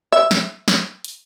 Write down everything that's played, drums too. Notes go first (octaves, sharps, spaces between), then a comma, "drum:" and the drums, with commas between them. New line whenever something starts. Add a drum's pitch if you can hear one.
E5
drum: snare
drum: snare
drum: hi-hat